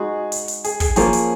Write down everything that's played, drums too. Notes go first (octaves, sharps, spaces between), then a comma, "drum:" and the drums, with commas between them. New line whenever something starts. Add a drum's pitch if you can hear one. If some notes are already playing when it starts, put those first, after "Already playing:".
Already playing: G#3 D#4 F#4 G#4
drum: hi-hat
drum: hi-hat
G#4, drum: hi-hat
G#4, drum: kick, hi-hat
F3 A#3 C#4 G#4, drum: hi-hat
drum: hi-hat